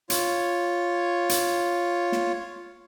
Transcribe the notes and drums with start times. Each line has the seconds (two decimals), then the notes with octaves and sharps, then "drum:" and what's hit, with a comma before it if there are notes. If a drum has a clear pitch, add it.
0.10 F4 C#5, drum: hi-hat
1.29 drum: hi-hat
2.12 drum: snare